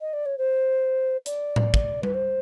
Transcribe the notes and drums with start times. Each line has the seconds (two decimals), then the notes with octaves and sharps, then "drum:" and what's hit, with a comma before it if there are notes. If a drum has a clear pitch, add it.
0.01 D#5
0.13 D5
0.26 C#5
0.38 C5
1.26 D5, drum: hi-hat
1.56 drum: tom A2
1.74 drum: kick
2.03 B4, drum: tom G3
2.14 C5